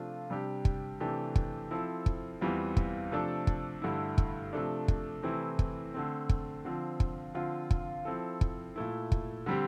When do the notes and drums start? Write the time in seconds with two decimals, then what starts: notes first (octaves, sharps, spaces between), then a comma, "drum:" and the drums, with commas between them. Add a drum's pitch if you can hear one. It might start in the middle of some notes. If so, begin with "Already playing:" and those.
Already playing: C3 F3 A3 D4 F4
0.30 C3 G3 D4 G4
0.65 drum: kick
1.00 C3 E3 A3 D4 G4
1.35 drum: kick
1.71 F3 C4 E4 A4
2.06 drum: kick
2.41 E2 E3 G3 C4 F4
2.77 drum: kick
3.11 C3 F3 A3 D4 A4
3.47 drum: kick
3.82 G2 D3 A3 E4
4.18 drum: kick
4.53 C3 F3 A3 D4
4.88 drum: kick
5.23 C3 E3 A3 C4 E4
5.59 drum: kick
5.94 D3 A3 C4
6.29 drum: kick
6.65 D3 F3 C4 F4
7.00 drum: kick
7.35 D3 F3 C4 F4
7.71 drum: kick
8.05 F3 C4 E4 A4
8.41 drum: kick
8.76 A#2 A3 E4
9.12 drum: kick
9.46 D3 G3 C4 G4